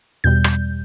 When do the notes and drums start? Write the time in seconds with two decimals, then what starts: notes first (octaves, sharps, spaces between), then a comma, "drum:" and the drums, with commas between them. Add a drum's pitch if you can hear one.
0.24 E2 B2 G3 G6
0.44 drum: rim click